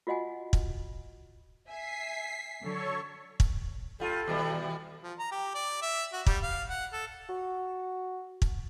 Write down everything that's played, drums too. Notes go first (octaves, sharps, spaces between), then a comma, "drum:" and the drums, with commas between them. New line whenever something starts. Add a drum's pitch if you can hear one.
F4 F#4 D#5 F#5 G#5
drum: kick
E5 G#5 B6 C7
D3 F#3 A4 C#5 C#6
drum: kick
G3 F4 A4
D#2 B2 G3
F3
A#5
G4
D5
E5
F#4
G3, drum: kick
F5
F#5
A4
F#4
drum: kick